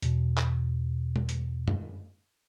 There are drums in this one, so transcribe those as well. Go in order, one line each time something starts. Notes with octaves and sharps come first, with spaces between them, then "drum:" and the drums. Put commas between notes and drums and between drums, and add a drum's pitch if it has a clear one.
E2 B2, drum: hi-hat
drum: clap
drum: tom B2
drum: hi-hat
drum: tom